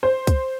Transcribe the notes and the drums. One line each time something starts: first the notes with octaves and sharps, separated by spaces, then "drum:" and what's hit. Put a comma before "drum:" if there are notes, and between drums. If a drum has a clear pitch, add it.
C5
drum: kick, hi-hat